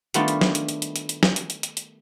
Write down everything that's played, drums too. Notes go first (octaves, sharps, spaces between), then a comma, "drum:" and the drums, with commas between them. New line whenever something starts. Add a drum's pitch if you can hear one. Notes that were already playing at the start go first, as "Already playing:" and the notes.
D#3 G3 A3 B3 D4 F4, drum: hi-hat
drum: hi-hat
drum: snare
drum: hi-hat
drum: hi-hat
drum: hi-hat
drum: hi-hat
drum: hi-hat
drum: snare
drum: hi-hat
drum: hi-hat
drum: hi-hat
drum: hi-hat